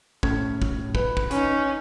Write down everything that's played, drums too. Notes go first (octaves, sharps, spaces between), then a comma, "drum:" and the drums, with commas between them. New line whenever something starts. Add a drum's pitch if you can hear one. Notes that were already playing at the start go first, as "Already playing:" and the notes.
A2 C#4 G#6, drum: kick
drum: kick
B4, drum: kick
drum: kick
C#4 D#4, drum: hi-hat